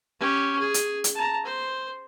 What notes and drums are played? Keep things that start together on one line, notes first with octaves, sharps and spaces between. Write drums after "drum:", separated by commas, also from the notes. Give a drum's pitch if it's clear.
C#4 G4
G#4
drum: hi-hat
drum: hi-hat
A5 A#5
C5